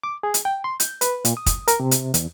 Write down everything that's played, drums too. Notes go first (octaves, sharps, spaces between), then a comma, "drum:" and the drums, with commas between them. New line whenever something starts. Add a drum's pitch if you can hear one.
D6
G#4
drum: hi-hat
G5
C6
G6, drum: hi-hat
B4, drum: hi-hat
A#2, drum: hi-hat
D#6
drum: kick, hi-hat
A#4, drum: hi-hat
C3
drum: hi-hat
E2, drum: hi-hat